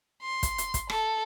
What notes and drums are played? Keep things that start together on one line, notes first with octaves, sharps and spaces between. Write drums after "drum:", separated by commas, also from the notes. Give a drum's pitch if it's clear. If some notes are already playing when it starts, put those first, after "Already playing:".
C6
drum: kick, hi-hat
drum: hi-hat
drum: kick, hi-hat
A4, drum: rim click